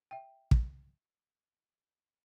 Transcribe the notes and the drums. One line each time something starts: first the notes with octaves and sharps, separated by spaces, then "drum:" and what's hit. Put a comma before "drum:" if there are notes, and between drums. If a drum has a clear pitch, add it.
E5 G5
drum: kick